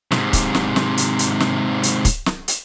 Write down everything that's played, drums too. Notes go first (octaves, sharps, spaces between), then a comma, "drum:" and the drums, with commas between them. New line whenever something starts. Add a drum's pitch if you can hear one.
G#2 C3, drum: snare
drum: kick, hi-hat
drum: snare
drum: snare
drum: hi-hat
drum: hi-hat
drum: snare
drum: hi-hat
drum: kick, hi-hat
drum: snare
drum: hi-hat